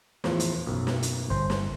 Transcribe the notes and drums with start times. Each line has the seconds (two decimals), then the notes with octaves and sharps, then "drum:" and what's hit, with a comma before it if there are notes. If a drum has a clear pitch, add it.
0.24 E2 A2 F3, drum: snare
0.40 drum: hi-hat
0.66 B1 F#2
0.87 drum: snare
1.03 drum: hi-hat
1.30 G1 C5
1.50 drum: snare